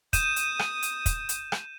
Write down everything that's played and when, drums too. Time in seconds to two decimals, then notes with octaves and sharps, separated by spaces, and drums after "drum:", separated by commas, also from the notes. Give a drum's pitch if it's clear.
0.13 D#6 G6 D#7 E7, drum: kick, hi-hat
0.36 drum: hi-hat
0.59 drum: rim click
0.83 drum: hi-hat
1.06 drum: kick, hi-hat
1.29 drum: hi-hat
1.52 drum: rim click